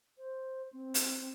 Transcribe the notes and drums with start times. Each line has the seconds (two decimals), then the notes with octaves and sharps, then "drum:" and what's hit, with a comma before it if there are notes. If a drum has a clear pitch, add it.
0.18 C5
0.73 C4
0.94 drum: hi-hat